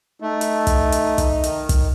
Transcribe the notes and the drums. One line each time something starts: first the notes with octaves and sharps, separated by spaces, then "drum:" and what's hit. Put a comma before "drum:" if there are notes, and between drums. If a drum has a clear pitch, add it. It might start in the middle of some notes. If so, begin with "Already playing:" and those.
A3 D#4
drum: hi-hat
drum: kick, hi-hat
drum: hi-hat
drum: kick, hi-hat
D#3, drum: hi-hat
drum: kick, hi-hat